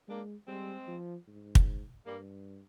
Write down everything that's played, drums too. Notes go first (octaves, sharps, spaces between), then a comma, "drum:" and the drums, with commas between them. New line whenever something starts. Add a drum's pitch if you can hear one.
G#3 A#3 D4
G3 G#3 C4
F3
G#2
drum: kick
G2 G3 A#3